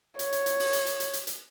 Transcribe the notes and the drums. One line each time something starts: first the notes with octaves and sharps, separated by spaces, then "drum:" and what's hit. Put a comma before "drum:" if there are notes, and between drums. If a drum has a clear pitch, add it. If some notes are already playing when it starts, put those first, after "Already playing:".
C#5, drum: hi-hat
drum: hi-hat
drum: hi-hat
drum: open hi-hat
drum: hi-hat
drum: hi-hat
drum: hi-hat
drum: hi-hat
drum: hi-hat